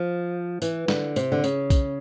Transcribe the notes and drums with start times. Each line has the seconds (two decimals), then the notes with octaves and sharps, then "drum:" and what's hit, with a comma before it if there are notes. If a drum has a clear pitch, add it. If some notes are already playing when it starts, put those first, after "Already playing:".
Already playing: F3
0.62 E3, drum: tambourine
0.88 D3, drum: snare
1.16 C3, drum: tambourine
1.32 D3
1.44 C#3, drum: tambourine
1.70 drum: kick B1, tambourine